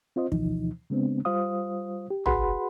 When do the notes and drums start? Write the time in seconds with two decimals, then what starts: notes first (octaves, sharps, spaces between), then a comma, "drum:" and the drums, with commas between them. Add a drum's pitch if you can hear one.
0.16 C4 F4 C5 D#5
0.32 D2 B2 E3 F3 D#4, drum: kick
0.90 C#3 G#3 B3 C4 D4
1.25 G3 F4 C5 F5 D#6
2.10 G4
2.26 F#4 G#4 B4 F#5 B5 C6, drum: tom